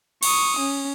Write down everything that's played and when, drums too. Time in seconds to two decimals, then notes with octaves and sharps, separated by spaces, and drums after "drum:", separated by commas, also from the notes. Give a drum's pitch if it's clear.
0.23 C#6 D#6, drum: cymbal
0.59 C#4